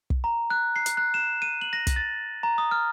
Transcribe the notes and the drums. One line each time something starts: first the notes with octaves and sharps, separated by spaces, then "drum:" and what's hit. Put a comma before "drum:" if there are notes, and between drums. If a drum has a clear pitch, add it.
drum: kick
A#5
F#6
C7
drum: hi-hat
F#6
E7
D#7
F#7
A#6
drum: kick, hi-hat
A6
A#5
D#6
F6